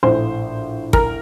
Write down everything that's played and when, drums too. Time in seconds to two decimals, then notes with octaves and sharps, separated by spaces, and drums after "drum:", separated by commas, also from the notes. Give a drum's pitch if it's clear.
0.03 A#1 A2 C5
0.93 A#4, drum: kick